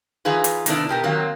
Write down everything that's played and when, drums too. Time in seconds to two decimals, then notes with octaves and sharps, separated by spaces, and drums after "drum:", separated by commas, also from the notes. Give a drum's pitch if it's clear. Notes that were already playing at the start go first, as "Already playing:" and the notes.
0.25 E3 D#4 F4 G#4 B4
0.44 drum: hi-hat
0.66 C3 D#3 A3 B3 D4 E4, drum: hi-hat
0.89 B2 G4 A#4
1.03 D#3 F#3 A#3 C4